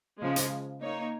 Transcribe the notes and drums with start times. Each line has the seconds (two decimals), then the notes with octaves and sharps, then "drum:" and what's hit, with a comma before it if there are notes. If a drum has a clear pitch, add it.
0.18 C#3 F3 G#3
0.36 drum: hi-hat
0.81 A#3 D#4 C#5